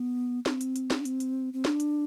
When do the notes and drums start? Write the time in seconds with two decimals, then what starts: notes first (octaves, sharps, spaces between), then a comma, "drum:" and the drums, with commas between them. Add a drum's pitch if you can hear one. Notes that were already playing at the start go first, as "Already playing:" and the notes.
Already playing: B3
0.46 C4, drum: snare
0.61 drum: hi-hat
0.76 drum: hi-hat
0.91 drum: snare
1.01 D4
1.05 C4, drum: hi-hat
1.20 drum: hi-hat
1.53 C4
1.65 D4, drum: snare
1.80 drum: hi-hat